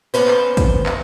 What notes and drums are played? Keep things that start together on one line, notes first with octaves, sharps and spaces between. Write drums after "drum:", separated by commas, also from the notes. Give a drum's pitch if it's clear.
A#3 B3 C#4 B4 C5
drum: clap
drum: kick, hi-hat
drum: clap